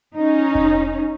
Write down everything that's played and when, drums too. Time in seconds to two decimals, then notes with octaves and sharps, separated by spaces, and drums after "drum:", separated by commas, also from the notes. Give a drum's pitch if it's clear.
0.15 C#4 D#4
0.55 drum: kick F1